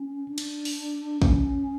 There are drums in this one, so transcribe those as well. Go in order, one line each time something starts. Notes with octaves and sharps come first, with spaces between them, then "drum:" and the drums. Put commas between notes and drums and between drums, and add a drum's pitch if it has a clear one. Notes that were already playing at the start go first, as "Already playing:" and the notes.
Already playing: C#4
D4
drum: cymbal
drum: open hi-hat
C#4, drum: kick